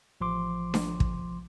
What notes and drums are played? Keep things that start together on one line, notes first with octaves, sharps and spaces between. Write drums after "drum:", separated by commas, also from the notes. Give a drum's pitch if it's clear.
A1 F3 C6 D6
drum: snare D4
drum: kick